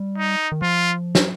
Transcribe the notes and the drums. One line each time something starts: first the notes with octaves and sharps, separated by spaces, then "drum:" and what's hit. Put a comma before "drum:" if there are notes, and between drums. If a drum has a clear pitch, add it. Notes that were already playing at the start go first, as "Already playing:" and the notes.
Already playing: G3
D#4
D#3
F3 F4
drum: snare